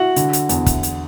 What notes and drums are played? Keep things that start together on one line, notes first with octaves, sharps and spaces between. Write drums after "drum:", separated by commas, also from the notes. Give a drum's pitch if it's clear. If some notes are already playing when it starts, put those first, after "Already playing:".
Already playing: E4 F#4
D3, drum: hi-hat
drum: hi-hat
E2, drum: hi-hat
drum: kick, hi-hat
drum: hi-hat